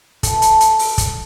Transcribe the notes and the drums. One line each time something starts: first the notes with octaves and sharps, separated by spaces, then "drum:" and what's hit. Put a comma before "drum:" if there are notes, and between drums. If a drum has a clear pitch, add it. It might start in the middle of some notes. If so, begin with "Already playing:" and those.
A4 A5, drum: kick, hi-hat
drum: hi-hat
drum: hi-hat
drum: open hi-hat
drum: kick, hi-hat